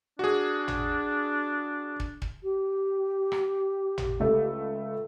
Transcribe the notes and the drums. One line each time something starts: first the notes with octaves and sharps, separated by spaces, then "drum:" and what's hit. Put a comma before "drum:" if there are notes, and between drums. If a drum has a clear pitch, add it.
D4 F#4 G#4
drum: tom
drum: kick
drum: kick
G4
drum: rim click
drum: tom
C#2 A3 D#5